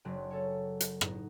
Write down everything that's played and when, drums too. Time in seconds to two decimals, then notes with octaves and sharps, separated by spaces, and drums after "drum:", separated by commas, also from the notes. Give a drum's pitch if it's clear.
0.05 F#1 F#3 C4 D4
0.30 C#4 A4 C#5
0.80 drum: hi-hat
1.01 A2 D#4 F#4, drum: rim click